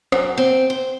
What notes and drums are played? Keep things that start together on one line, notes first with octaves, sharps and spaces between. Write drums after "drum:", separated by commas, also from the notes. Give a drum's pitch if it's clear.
F#2, drum: rim click
C4
C5